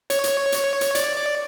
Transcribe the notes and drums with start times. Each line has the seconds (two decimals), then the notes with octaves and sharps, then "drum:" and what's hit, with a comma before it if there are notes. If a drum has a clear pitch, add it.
0.10 C#5, drum: hi-hat
0.24 drum: hi-hat
0.52 drum: hi-hat
0.81 drum: hi-hat
0.95 D5, drum: hi-hat
1.17 D5